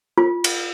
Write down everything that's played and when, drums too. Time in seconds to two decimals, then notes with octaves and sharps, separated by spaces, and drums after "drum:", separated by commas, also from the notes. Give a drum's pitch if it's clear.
0.18 F4
0.44 drum: cymbal